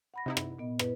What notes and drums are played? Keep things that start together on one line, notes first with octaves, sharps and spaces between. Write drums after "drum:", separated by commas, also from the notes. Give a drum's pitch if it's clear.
F#5 B5 A#6
C3 D#4 E4
drum: rim click
A#2 B3 D#5
E4 B4, drum: rim click